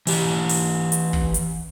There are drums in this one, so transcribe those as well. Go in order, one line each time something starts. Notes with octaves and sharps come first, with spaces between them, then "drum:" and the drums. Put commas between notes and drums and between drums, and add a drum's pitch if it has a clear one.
E3 G4, drum: open hi-hat
drum: open hi-hat
drum: hi-hat
drum: kick
drum: hi-hat